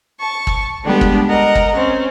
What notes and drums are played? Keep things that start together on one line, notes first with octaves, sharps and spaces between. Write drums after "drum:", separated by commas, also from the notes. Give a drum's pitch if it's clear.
A5 C#6
drum: kick
D3 G3 G#3 B3 D4 G4
drum: kick
A#4 D#5 F#5
drum: kick
C4 C#4